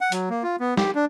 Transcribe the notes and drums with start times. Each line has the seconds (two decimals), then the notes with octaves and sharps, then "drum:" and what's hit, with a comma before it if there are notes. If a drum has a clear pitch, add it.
0.01 F#5
0.12 F#3, drum: hi-hat
0.30 A#3
0.43 F4
0.60 B3
0.77 G4, drum: snare
0.95 D4